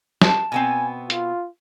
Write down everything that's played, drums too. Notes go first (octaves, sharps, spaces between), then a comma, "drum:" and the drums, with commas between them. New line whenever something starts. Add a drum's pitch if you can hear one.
A5, drum: snare
B2 B3 C4 G#5
F4, drum: hi-hat